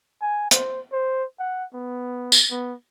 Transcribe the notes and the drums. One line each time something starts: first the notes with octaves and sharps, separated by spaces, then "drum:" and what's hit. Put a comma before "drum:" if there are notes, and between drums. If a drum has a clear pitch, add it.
G#5
C5, drum: hi-hat
C5
F#5
B3
drum: tambourine
B3